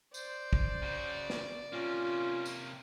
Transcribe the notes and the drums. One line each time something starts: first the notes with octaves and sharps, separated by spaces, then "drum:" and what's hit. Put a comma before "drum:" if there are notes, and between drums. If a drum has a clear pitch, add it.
C5 D5, drum: tambourine
drum: kick
C#3 F#4
drum: snare
C3 A#3 C#4 F4
drum: tambourine